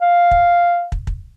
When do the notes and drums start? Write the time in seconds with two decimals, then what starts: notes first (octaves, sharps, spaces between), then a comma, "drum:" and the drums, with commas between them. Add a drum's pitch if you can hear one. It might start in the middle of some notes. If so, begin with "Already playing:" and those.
0.01 F5
0.31 drum: kick
0.92 drum: kick
1.07 drum: kick